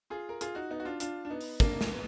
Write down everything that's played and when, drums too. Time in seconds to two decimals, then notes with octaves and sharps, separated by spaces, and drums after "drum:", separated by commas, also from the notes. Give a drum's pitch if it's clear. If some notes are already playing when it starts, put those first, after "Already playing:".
0.10 F4 G#4
0.29 A#4
0.41 F4 G#4, drum: hi-hat
0.55 D#4 F#4
0.70 B3 D#4
0.80 F#4
0.85 D4 F4
1.00 D4 F4, drum: hi-hat
1.25 D4
1.30 B3 D#4
1.41 drum: open hi-hat
1.60 A#3 D4, drum: kick, hi-hat
1.81 drum: snare
1.91 B3